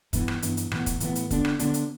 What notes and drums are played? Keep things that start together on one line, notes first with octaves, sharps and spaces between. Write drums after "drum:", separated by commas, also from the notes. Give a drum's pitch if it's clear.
G2 E3 B3, drum: kick, hi-hat
drum: rim click
G2 E3 B3, drum: hi-hat
drum: hi-hat
A2 E3 B3, drum: rim click
drum: kick, hi-hat
A2 E3 B3, drum: hi-hat
drum: hi-hat
D3 B3 D4, drum: kick, hi-hat
drum: rim click
D3 B3 D4, drum: hi-hat
drum: hi-hat